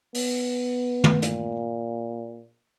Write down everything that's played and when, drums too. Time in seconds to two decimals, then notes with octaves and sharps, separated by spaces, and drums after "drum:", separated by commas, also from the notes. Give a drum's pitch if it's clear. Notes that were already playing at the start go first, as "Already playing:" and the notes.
0.14 B3, drum: open hi-hat
1.04 drum: tom
1.22 A#2, drum: hi-hat